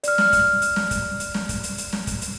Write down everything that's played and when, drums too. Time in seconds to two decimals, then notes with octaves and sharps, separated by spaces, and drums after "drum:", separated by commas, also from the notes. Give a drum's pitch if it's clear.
0.04 D5 F6, drum: hi-hat
0.18 drum: snare
0.33 drum: kick, hi-hat
0.62 drum: hi-hat
0.76 drum: snare
0.91 drum: kick, hi-hat
1.20 drum: hi-hat
1.34 drum: snare
1.49 drum: kick, hi-hat
1.63 drum: hi-hat
1.78 drum: hi-hat
1.93 drum: snare
2.07 drum: kick, hi-hat
2.22 drum: hi-hat